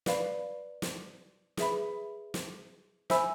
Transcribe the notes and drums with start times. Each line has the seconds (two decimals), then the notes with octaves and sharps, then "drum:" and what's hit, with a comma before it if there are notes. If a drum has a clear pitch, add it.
0.06 B4 D5 F5 B5, drum: snare
0.82 drum: snare
1.57 G#4 B4 E5 B5, drum: snare
2.34 drum: snare
3.10 C5 E5 G#5 B5 E6, drum: snare